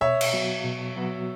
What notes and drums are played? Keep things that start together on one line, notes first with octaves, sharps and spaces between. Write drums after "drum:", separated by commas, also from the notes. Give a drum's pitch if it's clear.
B2 C#5 E5
drum: cymbal
F#3 B3 F#4
B2
F#3 B3 F#4